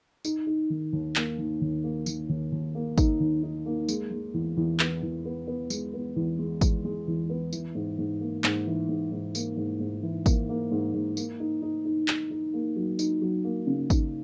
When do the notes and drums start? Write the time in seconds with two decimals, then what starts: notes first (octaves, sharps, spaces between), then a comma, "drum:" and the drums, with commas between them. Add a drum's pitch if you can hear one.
0.25 D#4, drum: tambourine
0.47 D#4
0.70 D#3
0.93 D#2
1.16 A#3, drum: clap
1.38 D#3
1.61 D#2
1.84 A#3
2.06 D#3, drum: tambourine
2.29 D#2
2.52 D#2
2.75 A#3
2.98 D#4, drum: kick G#1, tambourine
3.20 D#2
3.43 D#4
3.66 A#3
3.89 G#3, drum: tambourine
4.11 G#3
4.34 E2
4.57 E2
4.79 B3, drum: clap
5.02 E2
5.25 B3
5.48 B3
5.70 G#3, drum: tambourine
5.94 B3
6.16 E2
6.39 G#3
6.61 G#3, drum: kick G#1, tambourine
6.85 G#3
7.08 E2
7.30 B3
7.53 E3, drum: tambourine
7.75 G#2
7.98 G#2
8.21 A#3
8.44 G#2, drum: clap
8.67 E3
8.89 G#2
9.12 G#2
9.35 A#3, drum: tambourine
9.57 G#2
9.80 G#2
10.03 E3
10.26 A#3, drum: kick G#1, tambourine
10.49 A#3
10.71 G#2
10.94 G#2
11.17 A#3, drum: tambourine
11.40 D#4
11.62 D#4
11.85 D#4
12.08 D#4, drum: clap
12.31 D#4
12.53 A#3
12.76 F#3
12.99 D#4, drum: tambourine
13.22 F#3
13.44 A#3
13.67 C#3
13.90 D#4, drum: kick G#1, tambourine